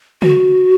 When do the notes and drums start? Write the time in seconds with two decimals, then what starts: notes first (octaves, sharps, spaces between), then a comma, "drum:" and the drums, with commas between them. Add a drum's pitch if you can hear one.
0.22 F#4, drum: tom C#3